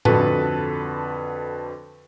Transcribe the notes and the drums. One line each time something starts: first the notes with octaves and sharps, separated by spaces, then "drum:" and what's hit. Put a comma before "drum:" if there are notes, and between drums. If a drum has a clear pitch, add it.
F2 D3 F#4 A4 B4 A5, drum: tom A2